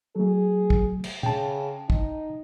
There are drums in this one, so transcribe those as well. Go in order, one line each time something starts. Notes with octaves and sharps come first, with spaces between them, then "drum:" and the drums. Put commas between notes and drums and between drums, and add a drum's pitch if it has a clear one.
F#3 A3 G#4
drum: kick
drum: cymbal
C#3 G5 A5, drum: tom
D#4, drum: kick